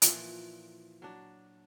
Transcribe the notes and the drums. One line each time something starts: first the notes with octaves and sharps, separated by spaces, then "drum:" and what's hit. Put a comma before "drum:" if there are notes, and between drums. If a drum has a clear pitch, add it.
A#2 E3 F3, drum: hi-hat
F#3 D4